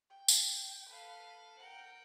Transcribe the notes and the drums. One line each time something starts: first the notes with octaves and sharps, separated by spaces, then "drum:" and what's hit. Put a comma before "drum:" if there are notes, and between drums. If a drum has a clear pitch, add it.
G5
drum: tambourine
A4 B4 F5
A#4 F#5 G5